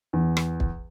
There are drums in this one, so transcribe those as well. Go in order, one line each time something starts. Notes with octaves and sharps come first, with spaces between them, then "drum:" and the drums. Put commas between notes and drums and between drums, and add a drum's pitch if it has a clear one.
E2
drum: rim click
drum: kick